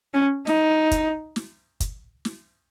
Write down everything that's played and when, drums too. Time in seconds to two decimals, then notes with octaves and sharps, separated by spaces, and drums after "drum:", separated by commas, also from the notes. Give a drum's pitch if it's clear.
0.14 C#4
0.47 D#4, drum: snare
0.91 drum: kick, hi-hat
1.36 drum: snare
1.80 drum: kick, hi-hat
2.25 drum: snare